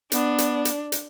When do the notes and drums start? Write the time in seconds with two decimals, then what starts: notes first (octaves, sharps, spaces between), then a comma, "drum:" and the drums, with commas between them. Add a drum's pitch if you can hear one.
0.12 B3 D4, drum: hi-hat
0.38 drum: hi-hat
0.65 drum: hi-hat
0.92 drum: hi-hat